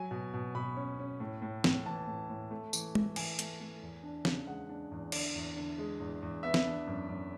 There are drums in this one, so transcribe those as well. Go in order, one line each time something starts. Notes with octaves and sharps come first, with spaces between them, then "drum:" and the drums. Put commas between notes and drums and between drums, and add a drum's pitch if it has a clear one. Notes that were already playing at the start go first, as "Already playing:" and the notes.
Already playing: F#3 G#5
B2
B2
B2 B5
C#4
C#4
A2
A2
A2, drum: snare
E3 A5
A2
A2
A3
E3, drum: tambourine
A3, drum: tom
E3 G#5, drum: cymbal
A3, drum: hi-hat
A3
E2
D4
C#3, drum: snare
G#3 F#5
D4
E2
D3 D5, drum: cymbal
E2
D3
G#3
E2
E2
B3 E5
drum: snare
D4
F#2
F#2